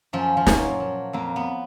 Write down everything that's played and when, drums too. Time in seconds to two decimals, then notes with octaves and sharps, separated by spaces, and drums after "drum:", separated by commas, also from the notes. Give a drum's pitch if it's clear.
0.13 F#2 F3
0.37 F3
0.47 A#2 F#3, drum: snare
0.80 F3
1.13 F2 A#3
1.36 B3